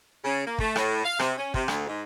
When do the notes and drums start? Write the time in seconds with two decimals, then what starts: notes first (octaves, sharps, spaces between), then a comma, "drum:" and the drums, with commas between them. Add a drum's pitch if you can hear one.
0.23 C#3
0.45 A#3
0.59 A3, drum: kick
0.76 A2, drum: rim click
1.03 F5
1.19 C3, drum: rim click
1.36 C#4
1.54 C3, drum: kick
1.68 D2, drum: rim click
1.86 G#2